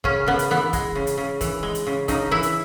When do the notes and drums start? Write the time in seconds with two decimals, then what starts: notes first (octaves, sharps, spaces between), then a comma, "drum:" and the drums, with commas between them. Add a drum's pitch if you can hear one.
0.04 C#3 C#4, drum: kick
0.27 C#3 B3
0.39 drum: hi-hat
0.50 E3 B3
0.73 G#3, drum: kick, hi-hat
0.96 C#3
1.07 drum: hi-hat
1.18 C#3
1.41 E3, drum: kick, hi-hat
1.63 G#3
1.75 drum: hi-hat
1.87 C#3
2.08 C#3 D#4, drum: kick, hi-hat
2.31 E3 E4
2.43 drum: hi-hat